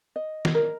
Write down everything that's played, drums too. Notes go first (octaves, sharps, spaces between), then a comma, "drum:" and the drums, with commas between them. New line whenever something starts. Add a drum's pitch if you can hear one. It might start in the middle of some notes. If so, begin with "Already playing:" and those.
D#5
drum: snare
A#4